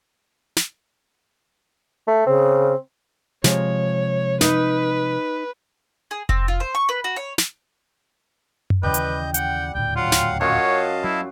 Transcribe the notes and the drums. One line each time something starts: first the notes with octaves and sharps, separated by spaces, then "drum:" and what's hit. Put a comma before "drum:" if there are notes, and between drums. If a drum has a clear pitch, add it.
drum: snare
A3
C#3 C4
C3 F3 G#3 C#5, drum: snare
D#4 B4, drum: snare
G#4
C4, drum: kick F1
F4
C5
C#6
B4
F#4
C#5
drum: snare
drum: tom F#2
D#2 C#3 E3 G3 B4 D#5 G6
drum: hi-hat
F#5 G5, drum: hi-hat
D#1 D2 A2 G5
F#3 F4 F5 F#5
drum: snare
F#2 F4 C#5 D#5 F5 A5 C#6
F#3 E4